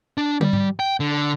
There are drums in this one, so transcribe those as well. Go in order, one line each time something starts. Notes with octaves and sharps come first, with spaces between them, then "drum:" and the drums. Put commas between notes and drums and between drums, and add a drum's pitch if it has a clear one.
D4
G3, drum: tom
drum: tom G#2
G5
D3